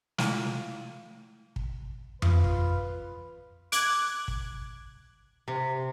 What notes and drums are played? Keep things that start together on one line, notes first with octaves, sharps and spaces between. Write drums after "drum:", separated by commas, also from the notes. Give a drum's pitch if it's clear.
G#3 A3 E4 F4, drum: snare
drum: kick
F4 B4, drum: tom F2
drum: kick
D6 F#6 G#6, drum: hi-hat
drum: kick
C3